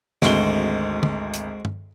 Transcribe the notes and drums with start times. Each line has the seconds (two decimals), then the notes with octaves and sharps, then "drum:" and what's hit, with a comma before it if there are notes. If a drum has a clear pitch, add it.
0.22 G#1 D2 G#3 C4 F#4 G7, drum: snare
1.03 drum: tom
1.34 drum: hi-hat
1.65 drum: tom